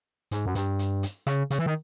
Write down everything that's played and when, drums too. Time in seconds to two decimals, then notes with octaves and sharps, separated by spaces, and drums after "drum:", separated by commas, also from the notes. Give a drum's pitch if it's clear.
0.31 G#2, drum: hi-hat
0.46 F#2
0.55 G2, drum: hi-hat
0.79 drum: hi-hat
1.03 drum: hi-hat
1.27 C#3, drum: rim click
1.51 C#3, drum: hi-hat
1.59 E3
1.66 D#3